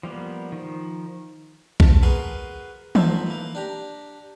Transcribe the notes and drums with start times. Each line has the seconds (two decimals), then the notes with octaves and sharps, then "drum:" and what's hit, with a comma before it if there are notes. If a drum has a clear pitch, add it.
0.03 F3 G3 A#3 B3
0.52 D#3 F3
1.80 A5, drum: kick B1
2.03 F#4 G#4 A#4 B4 G#5 C6
2.95 F3 F#3 A3 D#4 C5 E5, drum: tom
3.27 E3 A#3
3.55 D4 G4 A#5